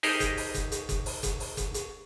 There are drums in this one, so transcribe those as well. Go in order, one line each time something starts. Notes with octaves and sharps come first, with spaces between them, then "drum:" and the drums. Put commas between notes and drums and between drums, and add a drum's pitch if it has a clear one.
D#4 G4 G#4 A#4 C5 D#5, drum: open hi-hat
drum: kick F#1, hi-hat
drum: open hi-hat
drum: kick F#1, hi-hat
drum: hi-hat
drum: kick F#1, hi-hat
drum: open hi-hat
drum: kick F#1, hi-hat
drum: open hi-hat
drum: kick F#1, hi-hat
drum: hi-hat